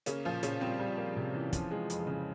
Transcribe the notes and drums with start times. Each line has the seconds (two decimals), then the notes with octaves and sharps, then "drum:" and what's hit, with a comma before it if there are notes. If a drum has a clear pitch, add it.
0.06 C#3 A#3 C#4, drum: hi-hat
0.25 A#2 F3 F4
0.43 A#2 C#3 C#4, drum: hi-hat
0.61 G3 C4
0.80 G3
0.97 A#3
1.17 C3
1.34 E3
1.53 F3, drum: kick, hi-hat
1.71 G#3
1.90 F2, drum: hi-hat
2.07 C#3